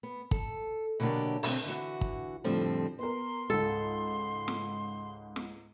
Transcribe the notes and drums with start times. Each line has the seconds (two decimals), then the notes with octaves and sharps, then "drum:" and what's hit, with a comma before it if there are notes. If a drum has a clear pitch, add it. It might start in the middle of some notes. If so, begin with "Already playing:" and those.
0.03 B3
0.31 A4, drum: kick
1.00 B2 D3 F#3 A#3 D4 G4
1.43 B2 D3 C4, drum: open hi-hat
1.64 D3 E3 F#4
2.01 drum: kick
2.44 F2 A2 D3 F3 G3 C4
2.99 B3 A#4 C6
3.50 C#2 G#2 A4
4.48 drum: snare
5.36 drum: snare